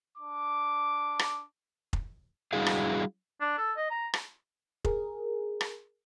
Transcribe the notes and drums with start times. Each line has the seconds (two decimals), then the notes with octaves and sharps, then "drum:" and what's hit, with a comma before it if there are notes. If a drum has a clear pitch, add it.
0.17 D4 D6
1.19 drum: rim click
1.93 drum: kick F1
2.53 G3 D4 E4 F#4 G#4 F5
2.66 drum: rim click
3.41 D4
3.58 A4
3.77 D#5
3.91 A#5
4.14 drum: rim click
4.85 G#4 A#4, drum: kick F1
5.61 drum: rim click